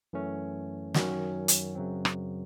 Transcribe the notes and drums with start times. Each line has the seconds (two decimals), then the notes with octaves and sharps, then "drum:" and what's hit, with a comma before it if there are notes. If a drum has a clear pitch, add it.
0.13 F#2 E3 A3 C#4
0.94 F#2 D#3 F#3 C#4 F#4, drum: snare
1.48 drum: hi-hat
1.75 F#2 C#3 F#3 C4
2.05 drum: rim click